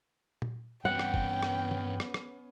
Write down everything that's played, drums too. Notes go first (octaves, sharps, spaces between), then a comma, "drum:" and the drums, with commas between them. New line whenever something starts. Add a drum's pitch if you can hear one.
drum: tom A#2
G2 E3 B3 C#4 F#5 G5
drum: rim click
drum: kick
drum: rim click
drum: tom D#3
drum: rim click
drum: rim click